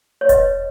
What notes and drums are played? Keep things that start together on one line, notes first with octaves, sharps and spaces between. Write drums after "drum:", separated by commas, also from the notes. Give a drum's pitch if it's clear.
C#5
B4 D#5, drum: kick E1, hi-hat